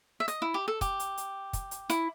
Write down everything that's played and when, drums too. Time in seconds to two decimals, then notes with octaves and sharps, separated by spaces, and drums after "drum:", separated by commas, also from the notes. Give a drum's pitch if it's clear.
0.20 E5
0.28 D#5, drum: hi-hat
0.42 E4
0.54 G4
0.68 A4
0.81 G4, drum: kick, hi-hat
1.00 drum: hi-hat
1.18 drum: hi-hat
1.53 drum: kick, hi-hat
1.71 drum: hi-hat
1.90 E4, drum: hi-hat